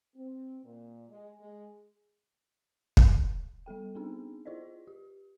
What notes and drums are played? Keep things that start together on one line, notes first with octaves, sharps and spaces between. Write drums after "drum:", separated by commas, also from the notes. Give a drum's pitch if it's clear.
C4
A#2
G#3
G#3
drum: kick
G3 B3 A4 G5
B3 C4 D4 D#4 G#4
E4 F4 G#4 C5 D5 D#5
G4